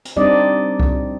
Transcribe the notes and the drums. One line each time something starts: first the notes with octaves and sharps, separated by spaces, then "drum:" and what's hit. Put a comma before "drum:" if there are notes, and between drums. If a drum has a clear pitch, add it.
drum: hi-hat
G3 C4 D4 D#4 D5 D#5
drum: kick C2